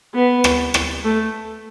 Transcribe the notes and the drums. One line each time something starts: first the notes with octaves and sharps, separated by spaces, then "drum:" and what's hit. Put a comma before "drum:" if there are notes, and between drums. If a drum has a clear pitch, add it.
B3
drum: rim click
drum: rim click
A3